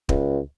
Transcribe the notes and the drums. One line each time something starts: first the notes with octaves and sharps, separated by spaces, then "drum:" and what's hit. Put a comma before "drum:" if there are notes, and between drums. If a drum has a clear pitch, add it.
C#2, drum: kick